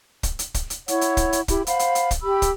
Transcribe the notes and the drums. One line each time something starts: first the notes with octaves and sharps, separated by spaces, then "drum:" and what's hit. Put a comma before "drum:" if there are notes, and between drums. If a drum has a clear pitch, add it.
drum: kick, hi-hat
drum: hi-hat
drum: kick, hi-hat
drum: hi-hat
E4 C#5 F#5 C#6, drum: hi-hat
drum: hi-hat
drum: kick, hi-hat
drum: hi-hat
E4 G4 B5, drum: kick, hi-hat
C5 F5 F#5 B5, drum: hi-hat
drum: hi-hat
drum: hi-hat
drum: kick, hi-hat
G4 B5 E6
drum: kick, hi-hat